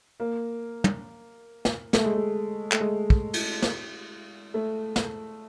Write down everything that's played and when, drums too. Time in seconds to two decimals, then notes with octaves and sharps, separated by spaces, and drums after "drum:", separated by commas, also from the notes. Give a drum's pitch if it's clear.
0.20 A#3
0.84 drum: tom
1.65 drum: snare
1.93 A3, drum: snare
2.05 G#3
2.16 A3
2.72 A3, drum: clap
2.80 G#3
3.10 drum: kick
3.33 drum: cymbal
3.62 drum: snare
4.54 A3
4.96 drum: snare